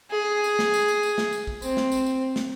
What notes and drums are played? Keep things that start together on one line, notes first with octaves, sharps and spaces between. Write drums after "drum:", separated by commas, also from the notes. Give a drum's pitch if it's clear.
G#4
drum: tambourine
drum: snare
drum: tambourine
drum: tambourine
drum: tambourine
drum: snare
drum: tambourine
drum: kick
C4, drum: tambourine
drum: snare
drum: tambourine
drum: tambourine
drum: snare